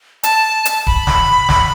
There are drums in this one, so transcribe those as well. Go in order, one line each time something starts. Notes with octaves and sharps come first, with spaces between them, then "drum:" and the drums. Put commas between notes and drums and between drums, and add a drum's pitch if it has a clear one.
A5, drum: hi-hat
drum: hi-hat
B5, drum: kick D1
drum: snare
drum: snare